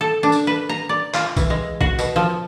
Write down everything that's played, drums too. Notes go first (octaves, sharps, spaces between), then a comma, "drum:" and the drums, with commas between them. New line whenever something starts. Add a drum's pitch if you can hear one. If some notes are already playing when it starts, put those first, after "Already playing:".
A4
D4
drum: tambourine
B4
A#5
D5
F4, drum: clap
E3, drum: kick A#1, tambourine
G#3
F#4, drum: kick A#1
B2, drum: tambourine
F3